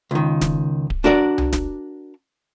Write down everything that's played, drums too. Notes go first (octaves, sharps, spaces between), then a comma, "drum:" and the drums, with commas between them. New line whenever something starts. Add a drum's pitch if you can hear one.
C#2 D#3
drum: snare
drum: kick D1
D4 F#4 A#4 D5
drum: tom C2
drum: snare